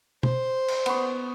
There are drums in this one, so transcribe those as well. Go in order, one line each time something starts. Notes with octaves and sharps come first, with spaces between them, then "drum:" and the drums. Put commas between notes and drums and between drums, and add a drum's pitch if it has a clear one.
C5, drum: tom B2
drum: cymbal
B3 C#6, drum: cymbal